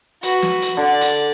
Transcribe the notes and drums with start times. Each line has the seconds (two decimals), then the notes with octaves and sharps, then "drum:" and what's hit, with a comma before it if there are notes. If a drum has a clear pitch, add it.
0.23 F#4 B4, drum: hi-hat
0.42 drum: snare
0.62 drum: hi-hat
0.77 D3 D5
1.01 drum: hi-hat